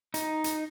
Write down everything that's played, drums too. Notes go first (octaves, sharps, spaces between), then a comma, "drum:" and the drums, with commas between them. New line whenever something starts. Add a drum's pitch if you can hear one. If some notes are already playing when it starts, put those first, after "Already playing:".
D#4, drum: hi-hat
drum: hi-hat